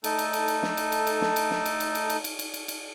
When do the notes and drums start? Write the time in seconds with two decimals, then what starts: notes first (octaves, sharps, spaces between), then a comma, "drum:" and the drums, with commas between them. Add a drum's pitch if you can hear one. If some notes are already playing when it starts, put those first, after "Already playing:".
0.04 A3 D#4 A4, drum: cymbal
0.19 drum: cymbal
0.33 drum: cymbal
0.48 drum: cymbal
0.63 drum: snare
0.77 drum: cymbal
0.92 drum: cymbal
1.07 drum: cymbal
1.21 drum: snare
1.36 drum: cymbal
1.51 drum: snare
1.66 drum: cymbal
1.80 drum: cymbal
1.95 drum: cymbal
2.10 drum: cymbal
2.24 drum: cymbal
2.39 drum: cymbal
2.54 drum: cymbal
2.68 drum: cymbal